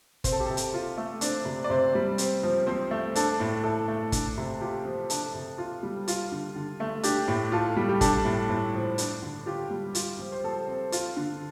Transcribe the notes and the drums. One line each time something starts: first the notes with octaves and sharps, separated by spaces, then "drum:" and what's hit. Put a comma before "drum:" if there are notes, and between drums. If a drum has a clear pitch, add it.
C4 C5, drum: kick, hi-hat
A4
G4
C3 A4
drum: hi-hat
F4
A3
C4 D4 D5, drum: hi-hat
C3
D5
C3 C4 C5
G3
C4, drum: hi-hat
F3
F3 C4 C5
A3
D4 A4, drum: hi-hat
A2
A2 A4
A3
D4, drum: kick, hi-hat
C3
F4 G4
F3
D4 A4, drum: hi-hat
C3
F4
G3
F4, drum: hi-hat
D3
D3
A3
D4 G4, drum: hi-hat
A2
F4 A4
G3
G4
D4 A4, drum: kick, hi-hat
A2
A2
F3
D4, drum: hi-hat
D3
F4 G4
G3
F4, drum: hi-hat
F3
C5
F3 A4
C4
F4, drum: hi-hat
D3